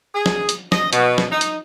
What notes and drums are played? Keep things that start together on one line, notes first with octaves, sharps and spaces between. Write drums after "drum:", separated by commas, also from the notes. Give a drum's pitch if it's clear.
G#4
drum: snare
drum: hi-hat
D#5, drum: snare
B2, drum: hi-hat
drum: snare
D#4
drum: hi-hat